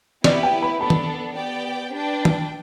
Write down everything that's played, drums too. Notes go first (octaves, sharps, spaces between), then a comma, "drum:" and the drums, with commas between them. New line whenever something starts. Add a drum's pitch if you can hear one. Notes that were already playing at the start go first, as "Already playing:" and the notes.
B3 E4 G4 B4 D5, drum: snare
G5
B5
B3 D4 A4 B5
drum: tom D#3
B3 G4 D5 G5
D4 B4 G5
drum: tom D#3